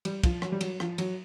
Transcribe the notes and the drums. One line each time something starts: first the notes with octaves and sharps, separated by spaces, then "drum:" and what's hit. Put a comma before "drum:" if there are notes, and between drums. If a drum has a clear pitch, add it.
G3, drum: cymbal
F3, drum: kick, cymbal
F#3, drum: rim click
G3
F#3, drum: cymbal
F3, drum: rim click
F#3, drum: cymbal